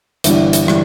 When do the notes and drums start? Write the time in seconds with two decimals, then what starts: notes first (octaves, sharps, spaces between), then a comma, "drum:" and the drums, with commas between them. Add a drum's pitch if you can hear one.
0.24 G1 G2 E3 G3 E4, drum: hi-hat
0.53 drum: hi-hat
0.68 E3 G3, drum: rim click